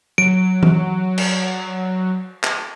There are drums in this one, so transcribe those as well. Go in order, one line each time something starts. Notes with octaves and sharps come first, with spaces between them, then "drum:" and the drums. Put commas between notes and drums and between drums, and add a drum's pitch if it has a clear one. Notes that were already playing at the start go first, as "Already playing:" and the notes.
F#3 D7
drum: tom E3
drum: cymbal
drum: clap